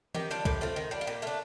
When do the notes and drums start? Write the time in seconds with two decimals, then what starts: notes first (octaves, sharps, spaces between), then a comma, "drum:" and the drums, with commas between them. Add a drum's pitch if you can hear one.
0.15 D#3 G4, drum: tom E3
0.31 G3 D4 F4
0.45 A2 G4, drum: kick
0.61 A3 C4 F4
0.76 D#3
0.91 G3 D4
1.01 F4
1.07 A#2 G4
1.22 A3 D4 F4